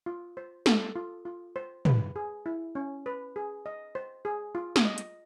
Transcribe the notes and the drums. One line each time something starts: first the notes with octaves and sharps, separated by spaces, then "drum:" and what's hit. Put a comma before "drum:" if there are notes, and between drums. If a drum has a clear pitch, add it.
F4
C5
A4, drum: snare
F4
F4
C5
B4, drum: tom
G#4
E4
C#4
B4
G#4
D#5
C5
G#4
F4
drum: snare
D#5
drum: hi-hat